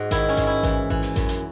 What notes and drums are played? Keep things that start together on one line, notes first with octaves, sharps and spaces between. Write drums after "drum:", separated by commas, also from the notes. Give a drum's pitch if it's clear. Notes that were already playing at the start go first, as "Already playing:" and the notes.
Already playing: G#2 F#4 G#4
D#3 E4, drum: kick A1, hi-hat
C#4
G#2, drum: kick A1, hi-hat
E4
E3, drum: kick A1, hi-hat
E3, drum: kick A1
drum: open hi-hat
F#2, drum: kick A1, hi-hat
drum: hi-hat